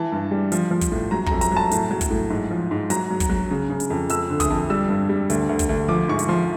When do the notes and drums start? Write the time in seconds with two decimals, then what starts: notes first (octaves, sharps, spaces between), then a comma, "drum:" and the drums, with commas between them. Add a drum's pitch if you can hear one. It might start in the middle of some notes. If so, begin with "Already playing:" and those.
Already playing: E3 A5
0.12 G2
0.31 G3
0.52 F3, drum: hi-hat
0.71 F3
0.81 drum: kick, hi-hat
0.92 A2
1.11 F#3 A#5
1.26 F2 A#5, drum: kick
1.41 A#5, drum: hi-hat
1.52 F#3 A5
1.71 A2, drum: hi-hat
1.91 F#3
2.01 drum: kick, hi-hat
2.10 A2
2.30 G#2
2.51 F3
2.71 G#2
2.90 F#3 A#5, drum: hi-hat
3.10 F#3
3.20 drum: kick, hi-hat
3.30 F#3
3.51 C#3
3.70 C#3
3.80 drum: hi-hat
3.90 F2
4.09 F2 E6, drum: hi-hat
4.30 D3
4.40 D#6, drum: kick, hi-hat
4.50 F2
4.70 G3 E6
4.89 G2
5.09 G3
5.30 D2, drum: hi-hat
5.49 D2
5.59 drum: kick, hi-hat
5.69 D2
5.88 F3 D6
6.08 G#2 C#6
6.19 drum: hi-hat
6.28 F3 C6